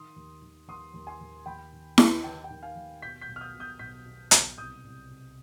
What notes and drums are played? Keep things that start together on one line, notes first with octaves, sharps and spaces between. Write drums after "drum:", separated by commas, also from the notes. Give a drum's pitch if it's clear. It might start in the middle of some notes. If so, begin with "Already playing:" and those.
Already playing: D#3 C6 D#6
D#2
D#3
D#2 C6 D#6
D#2
G#5 C6
D#2
D#2 G5 B5
D#3
D#2, drum: snare E4
D#2 G5
G5
D#3
F5 G#5
D#2
B2 G6 B6
G6 B6
B1
F6
D#6 G6
B2
D#6 G6
B1 G6 B6
B2
B1, drum: hi-hat
C2 D#6 G6
C2
C3